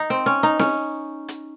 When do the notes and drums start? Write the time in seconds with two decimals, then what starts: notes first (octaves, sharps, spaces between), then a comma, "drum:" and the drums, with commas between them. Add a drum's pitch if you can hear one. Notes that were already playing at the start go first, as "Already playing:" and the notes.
Already playing: D#4
0.10 C4
0.26 C#4
0.43 D#4
0.59 C#4, drum: snare C4
1.28 drum: hi-hat